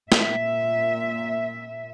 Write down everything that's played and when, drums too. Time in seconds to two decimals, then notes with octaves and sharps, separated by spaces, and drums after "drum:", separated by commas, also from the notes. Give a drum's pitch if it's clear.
0.12 A#2 E5, drum: snare